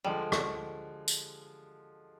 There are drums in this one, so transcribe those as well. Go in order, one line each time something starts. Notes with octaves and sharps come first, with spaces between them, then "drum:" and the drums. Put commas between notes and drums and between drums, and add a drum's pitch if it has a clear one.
D3 F3 G3 G#3
drum: rim click
drum: tambourine